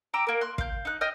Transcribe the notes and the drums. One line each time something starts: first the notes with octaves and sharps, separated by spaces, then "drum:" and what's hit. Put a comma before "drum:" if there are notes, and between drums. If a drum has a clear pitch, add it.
G5 A#5 D6 E6
A#3 A#4
C6 F#6
F5 G6, drum: kick
D#4 F#6
D#5 G5 F6